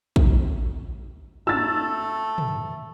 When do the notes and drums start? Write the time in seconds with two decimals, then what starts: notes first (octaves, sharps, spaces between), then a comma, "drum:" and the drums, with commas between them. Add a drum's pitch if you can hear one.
0.16 drum: kick
1.47 A3 E6 A6, drum: tom
2.38 drum: tom